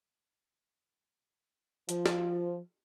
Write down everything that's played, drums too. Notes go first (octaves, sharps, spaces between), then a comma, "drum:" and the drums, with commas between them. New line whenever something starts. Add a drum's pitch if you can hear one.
F3, drum: hi-hat
drum: snare